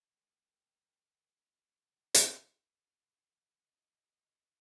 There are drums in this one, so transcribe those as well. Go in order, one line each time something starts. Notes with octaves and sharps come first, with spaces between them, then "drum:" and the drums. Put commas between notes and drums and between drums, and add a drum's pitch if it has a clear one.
G#3 A4 A#4 G5
D#2 C3 F5 G5
drum: hi-hat
D#5